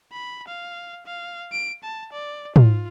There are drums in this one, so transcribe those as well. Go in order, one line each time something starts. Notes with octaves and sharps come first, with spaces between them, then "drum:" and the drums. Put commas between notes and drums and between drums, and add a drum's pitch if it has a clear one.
B5
F5
F5
D7
A5
D5
F4, drum: tom